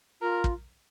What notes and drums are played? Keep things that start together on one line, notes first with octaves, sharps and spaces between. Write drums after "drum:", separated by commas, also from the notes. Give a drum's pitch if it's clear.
F4 A#4
drum: kick